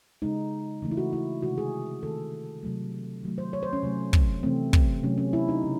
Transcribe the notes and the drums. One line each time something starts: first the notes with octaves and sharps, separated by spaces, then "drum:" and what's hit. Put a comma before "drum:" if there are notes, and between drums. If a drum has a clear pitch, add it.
C#3 G#3 D#4
C#3 E3 A3
E4
F#4
E4
C3 D#3 G#3 F#4
G#4
D#3 A3 A4
C3 F#3 A3
D#3 F#3 A3
C5
C#5
C5
C#4
C3 F#3 A3
drum: kick
C3 E3 A3 C4
drum: kick
C3 F#3 A3 C#4
C#4
E4
D#4
C#3